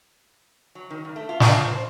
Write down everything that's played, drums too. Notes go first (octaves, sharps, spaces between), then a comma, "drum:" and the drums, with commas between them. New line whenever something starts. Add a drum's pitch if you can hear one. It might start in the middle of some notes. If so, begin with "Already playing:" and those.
F#3
D#3
G2
A3
F4
F4, drum: snare
F3
C5